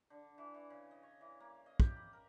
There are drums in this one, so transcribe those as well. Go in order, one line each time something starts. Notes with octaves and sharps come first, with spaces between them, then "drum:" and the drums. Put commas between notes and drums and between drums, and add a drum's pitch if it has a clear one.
D3
E3
E3
C#3
D#5
C#5
E3
A#3
D#5
G4, drum: kick
B5
A#4